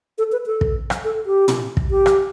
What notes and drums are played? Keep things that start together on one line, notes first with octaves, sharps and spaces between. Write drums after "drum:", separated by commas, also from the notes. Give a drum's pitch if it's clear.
A4
B4
A4
drum: kick
drum: rim click
A4
G4
drum: tom
drum: kick
G4
drum: rim click